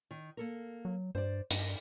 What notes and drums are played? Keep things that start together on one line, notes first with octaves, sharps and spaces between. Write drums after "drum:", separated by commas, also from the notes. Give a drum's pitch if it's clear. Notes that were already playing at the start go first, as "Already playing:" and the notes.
D#3
A#3 A4 A#4
F#3
G2 C5 D5
G2 D#5, drum: hi-hat